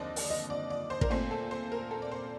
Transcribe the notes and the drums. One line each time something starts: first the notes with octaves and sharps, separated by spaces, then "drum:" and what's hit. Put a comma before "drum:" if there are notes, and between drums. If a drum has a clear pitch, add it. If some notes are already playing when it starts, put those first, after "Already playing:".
Already playing: D#2 D3 F3 C4 D5 D#5
drum: open hi-hat
D#5
D5
D5
C5
A#4, drum: kick
A#2 A3 C4 C5
A4
C5
A#4
A4
D5
C5